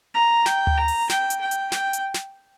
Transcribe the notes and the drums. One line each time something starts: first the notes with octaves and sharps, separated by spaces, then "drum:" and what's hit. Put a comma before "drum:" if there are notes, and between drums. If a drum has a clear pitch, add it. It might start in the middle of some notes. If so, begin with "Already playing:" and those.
A#5
G5, drum: snare
drum: tom D2
A#5
drum: open hi-hat
G5, drum: snare
drum: hi-hat
G5
drum: hi-hat
G5, drum: snare
drum: hi-hat
drum: snare